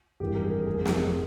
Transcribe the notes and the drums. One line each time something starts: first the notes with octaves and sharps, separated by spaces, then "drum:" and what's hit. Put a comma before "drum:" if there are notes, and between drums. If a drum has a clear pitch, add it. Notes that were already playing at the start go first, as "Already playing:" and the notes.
G#1 G2 E3 G3 A#3 G4
A#4
G#4
F1 F2 C3 F3 G#4
A#4
G#4, drum: snare